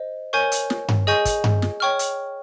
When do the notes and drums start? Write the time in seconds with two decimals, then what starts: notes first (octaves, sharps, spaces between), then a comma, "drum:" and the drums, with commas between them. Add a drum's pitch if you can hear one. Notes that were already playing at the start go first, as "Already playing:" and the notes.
Already playing: C5 D#5
0.33 A#4 C#5 G#5 C#6 G6
0.52 drum: hi-hat
0.70 drum: snare
0.88 drum: tom G2
1.07 G#4 D#5 G#5 C#6 G6
1.25 drum: kick, hi-hat
1.44 drum: tom G2
1.62 drum: snare
1.80 C#5 G5 C#6 F6
1.99 drum: hi-hat